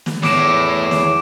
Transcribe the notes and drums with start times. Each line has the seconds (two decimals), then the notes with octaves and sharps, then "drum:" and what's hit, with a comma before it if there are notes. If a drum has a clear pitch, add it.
0.06 drum: snare
0.23 E2 A2 C#5 D6 D7 E7, drum: snare
0.91 drum: snare